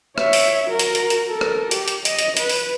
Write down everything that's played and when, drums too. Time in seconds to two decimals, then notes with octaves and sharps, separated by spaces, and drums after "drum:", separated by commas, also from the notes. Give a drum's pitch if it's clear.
0.18 C#5 E5, drum: rim click
0.33 drum: open hi-hat
0.69 F#4 A#4
0.79 drum: hi-hat
0.95 drum: hi-hat
1.10 drum: hi-hat
1.30 A4 A#4
1.41 drum: rim click
1.71 G4, drum: hi-hat
1.88 drum: hi-hat
2.05 D#5, drum: hi-hat
2.19 drum: hi-hat
2.37 B4, drum: hi-hat
2.49 drum: open hi-hat